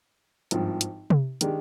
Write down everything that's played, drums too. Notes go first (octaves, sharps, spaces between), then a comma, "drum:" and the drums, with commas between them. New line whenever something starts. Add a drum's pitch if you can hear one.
G#1 G2 F3, drum: hi-hat
drum: hi-hat
drum: tom C3
D#3 G#3 D4 G4, drum: hi-hat